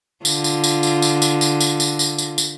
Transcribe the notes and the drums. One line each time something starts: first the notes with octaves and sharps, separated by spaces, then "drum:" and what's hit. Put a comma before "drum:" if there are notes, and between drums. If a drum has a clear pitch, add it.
D3 F4, drum: tambourine
drum: tambourine
drum: tambourine
drum: tambourine
drum: tambourine
drum: tambourine
drum: tambourine
drum: tambourine
drum: tambourine
drum: tambourine
drum: tambourine
drum: tambourine